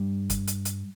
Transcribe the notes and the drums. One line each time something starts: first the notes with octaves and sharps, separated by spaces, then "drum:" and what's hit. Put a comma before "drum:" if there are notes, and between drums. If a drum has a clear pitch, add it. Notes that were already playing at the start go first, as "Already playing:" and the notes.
Already playing: G2 G3
drum: kick G1, hi-hat
drum: hi-hat
drum: hi-hat